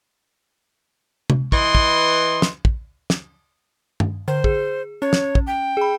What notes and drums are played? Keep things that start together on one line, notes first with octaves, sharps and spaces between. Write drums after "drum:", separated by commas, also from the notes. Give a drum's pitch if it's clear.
drum: tom C3
E3 B4 D#5 C6, drum: kick
drum: kick
drum: snare
drum: kick
drum: snare
drum: tom G2
D3 C5
G#4, drum: kick
C#4 C#5
drum: snare
drum: kick
G5
G#4 B5